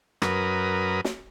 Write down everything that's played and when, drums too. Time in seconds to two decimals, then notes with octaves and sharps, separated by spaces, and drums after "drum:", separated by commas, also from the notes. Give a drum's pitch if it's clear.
0.22 F#2 A#4 B4 D#6, drum: rim click
1.05 drum: snare